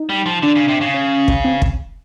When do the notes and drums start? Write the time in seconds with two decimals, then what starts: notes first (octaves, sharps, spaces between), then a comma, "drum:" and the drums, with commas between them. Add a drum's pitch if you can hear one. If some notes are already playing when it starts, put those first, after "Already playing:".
Already playing: D#4
0.09 G3
0.26 F3
0.42 D3 D4
0.56 C#3
0.68 C3
0.81 C#3
0.94 C#4
1.28 drum: kick
1.44 C4
1.62 drum: kick